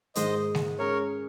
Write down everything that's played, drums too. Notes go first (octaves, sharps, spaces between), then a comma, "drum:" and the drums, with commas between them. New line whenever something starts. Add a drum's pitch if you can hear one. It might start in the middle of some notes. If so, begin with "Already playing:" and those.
G#2 D#3 G#3 C5 D#5, drum: hi-hat
drum: snare G#3
G#3 C#4 G#4 A#4 C#5